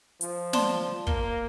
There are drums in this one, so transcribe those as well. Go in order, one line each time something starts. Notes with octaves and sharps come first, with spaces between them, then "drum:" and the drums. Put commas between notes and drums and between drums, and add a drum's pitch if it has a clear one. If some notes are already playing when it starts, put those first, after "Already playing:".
F3, drum: hi-hat
D5 A5 C6, drum: snare
A#3 G7, drum: kick